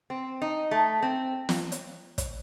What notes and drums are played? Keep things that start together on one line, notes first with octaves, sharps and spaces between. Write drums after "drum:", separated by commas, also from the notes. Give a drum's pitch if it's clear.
C4
D#4
A3
C4
drum: snare
drum: hi-hat
drum: kick, hi-hat